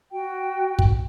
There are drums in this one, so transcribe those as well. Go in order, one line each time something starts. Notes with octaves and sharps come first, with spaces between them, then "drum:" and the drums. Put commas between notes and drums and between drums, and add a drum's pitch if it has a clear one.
F#4 G5
drum: kick